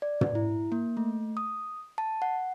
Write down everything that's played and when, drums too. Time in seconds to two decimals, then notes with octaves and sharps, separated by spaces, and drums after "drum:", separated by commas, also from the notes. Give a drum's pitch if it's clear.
0.02 D5
0.21 drum: tom
0.35 E4
0.72 A#3
0.97 A3
1.37 D#6
1.98 A5
2.22 F#5